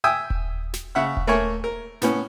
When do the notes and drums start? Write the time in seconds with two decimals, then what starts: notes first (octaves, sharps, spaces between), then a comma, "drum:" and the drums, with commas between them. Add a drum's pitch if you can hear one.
0.04 E5 G5 G#5 D#6 E6
0.30 drum: kick D#1
0.74 drum: snare
0.95 C#3 E5 F#5 F#6
1.17 drum: kick D#1
1.27 A3 A#3 A#4 C#5 G#5 C#6
1.64 A#4
2.02 A2 B3 C#4, drum: snare